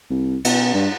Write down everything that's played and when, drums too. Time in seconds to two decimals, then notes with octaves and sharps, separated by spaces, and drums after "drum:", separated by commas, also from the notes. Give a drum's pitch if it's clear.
0.10 C2
0.45 B2, drum: cymbal
0.74 G2